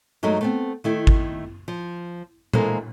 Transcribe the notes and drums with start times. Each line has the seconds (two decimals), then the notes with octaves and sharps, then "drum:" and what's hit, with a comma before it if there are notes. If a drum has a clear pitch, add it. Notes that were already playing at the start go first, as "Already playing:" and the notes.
0.23 G2 F#3 G#3 A3 D#4
0.41 A3 B3 C4
0.84 D#3 A3 E4
1.07 drum: kick G#1
1.68 F3
2.53 E3 G#3 A#3 A4 C5, drum: tom A#2